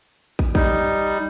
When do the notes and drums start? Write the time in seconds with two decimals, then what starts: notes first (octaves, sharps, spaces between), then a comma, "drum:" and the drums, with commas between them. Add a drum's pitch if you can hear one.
0.39 drum: kick
0.55 G3 D#4, drum: kick